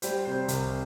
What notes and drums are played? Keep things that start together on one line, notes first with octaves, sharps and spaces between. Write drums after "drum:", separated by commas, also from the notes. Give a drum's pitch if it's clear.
G3 C5, drum: hi-hat
C3 C5
C2, drum: hi-hat